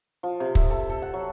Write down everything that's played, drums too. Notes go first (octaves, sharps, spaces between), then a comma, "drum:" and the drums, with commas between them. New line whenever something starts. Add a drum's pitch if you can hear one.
F3
C3
E5, drum: kick
A4
A4
F#5
F#3